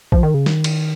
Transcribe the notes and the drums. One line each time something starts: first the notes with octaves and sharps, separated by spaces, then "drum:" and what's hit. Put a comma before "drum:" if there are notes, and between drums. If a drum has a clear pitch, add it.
F3, drum: kick A#1
D#3
C#3
D#3, drum: snare
drum: cymbal